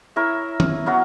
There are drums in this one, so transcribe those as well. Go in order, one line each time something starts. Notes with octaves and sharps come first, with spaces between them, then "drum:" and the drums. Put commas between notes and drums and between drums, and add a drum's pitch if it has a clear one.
E4 A#4 C#5 E5
drum: tom D#3
F#3 B3 F#4 A#4